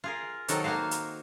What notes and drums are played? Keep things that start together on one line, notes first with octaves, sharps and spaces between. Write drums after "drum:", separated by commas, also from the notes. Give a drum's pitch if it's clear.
F4 G#4 A#4
C3 D#3 F#3 D#4 F#4 A4, drum: hi-hat
A#3 D#4 F#4 C5 F5
drum: hi-hat